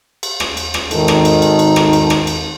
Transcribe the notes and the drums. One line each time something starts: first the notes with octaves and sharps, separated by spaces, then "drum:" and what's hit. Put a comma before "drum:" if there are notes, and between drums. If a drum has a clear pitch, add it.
drum: cymbal
drum: rim click
drum: cymbal
drum: rim click
G#1 D#3 D#4 A4, drum: cymbal
drum: rim click
drum: cymbal
drum: cymbal
drum: cymbal
drum: rim click
drum: cymbal
drum: rim click
drum: cymbal